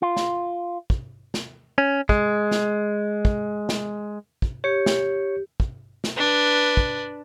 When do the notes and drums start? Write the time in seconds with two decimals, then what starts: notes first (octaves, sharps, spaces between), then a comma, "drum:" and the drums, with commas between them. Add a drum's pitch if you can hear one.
0.02 F4
0.17 drum: snare
0.90 drum: kick
1.34 drum: snare
1.78 C#4
2.09 G#3, drum: kick
2.51 drum: snare
3.25 drum: kick
3.69 drum: snare
4.42 drum: kick
4.64 G4 C#5 C#7
4.86 drum: snare
5.60 drum: kick
6.04 drum: snare
6.17 D4 B4
6.77 drum: kick